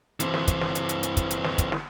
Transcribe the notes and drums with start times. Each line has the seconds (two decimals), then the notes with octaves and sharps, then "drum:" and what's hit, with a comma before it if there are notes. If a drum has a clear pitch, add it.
0.20 E3 C4, drum: hi-hat
0.34 drum: snare
0.48 drum: kick, hi-hat
0.61 drum: snare
0.75 drum: hi-hat
0.89 drum: hi-hat
1.03 drum: hi-hat
1.17 drum: kick, hi-hat
1.31 drum: hi-hat
1.44 drum: snare
1.58 drum: kick, hi-hat
1.72 drum: snare